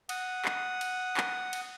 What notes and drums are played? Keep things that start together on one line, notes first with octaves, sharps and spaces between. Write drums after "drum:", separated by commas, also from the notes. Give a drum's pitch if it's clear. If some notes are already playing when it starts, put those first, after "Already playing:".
F#5 D#6, drum: cymbal
drum: clap
drum: cymbal
drum: clap
drum: cymbal